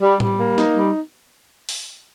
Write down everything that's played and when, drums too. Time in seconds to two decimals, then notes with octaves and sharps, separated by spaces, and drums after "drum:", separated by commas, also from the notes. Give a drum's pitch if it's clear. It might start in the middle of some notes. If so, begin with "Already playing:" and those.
0.02 G3
0.20 G3, drum: tom A2
0.39 A#3
0.58 D#4, drum: snare
0.76 G3
1.69 drum: open hi-hat